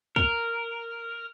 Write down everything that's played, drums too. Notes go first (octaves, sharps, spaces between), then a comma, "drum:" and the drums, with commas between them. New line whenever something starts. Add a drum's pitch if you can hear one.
A#4, drum: kick